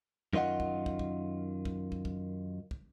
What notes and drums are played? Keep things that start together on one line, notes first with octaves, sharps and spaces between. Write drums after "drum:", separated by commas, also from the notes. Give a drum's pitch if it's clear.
F#2 D#3 F4 D#5 F#5
drum: kick
drum: kick
drum: kick
drum: kick
drum: kick
drum: kick
drum: kick